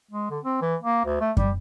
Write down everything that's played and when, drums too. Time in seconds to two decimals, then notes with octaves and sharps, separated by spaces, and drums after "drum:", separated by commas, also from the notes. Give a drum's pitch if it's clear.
0.11 G#3
0.31 D3
0.45 C4
0.62 E3
0.82 A#3
1.05 D2
1.21 A3
1.37 G3, drum: kick F#2